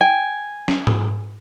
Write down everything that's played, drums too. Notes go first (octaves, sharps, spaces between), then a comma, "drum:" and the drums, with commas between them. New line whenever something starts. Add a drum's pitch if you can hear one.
G5 G#5
drum: snare
drum: tom G#2